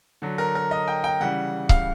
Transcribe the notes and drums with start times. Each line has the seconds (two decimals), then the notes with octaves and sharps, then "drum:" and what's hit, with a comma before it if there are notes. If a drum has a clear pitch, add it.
0.22 D3 F#3
0.38 A#4
0.55 A#4
0.71 D#5
0.88 G5
1.04 G5
1.20 C#3 E3 G3 F#5
1.69 F5, drum: kick C#1